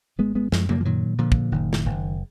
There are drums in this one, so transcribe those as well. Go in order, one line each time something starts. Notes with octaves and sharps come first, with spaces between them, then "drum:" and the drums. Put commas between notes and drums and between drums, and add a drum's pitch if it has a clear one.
G#1 G#3 B3
G#3 B3
F#2 F3 G#3, drum: snare
F#3 A#3, drum: tom C#3
F3
A#2 D#3 F#3
A#2 D3 F3
drum: kick
F#1 D#3
drum: snare
F#1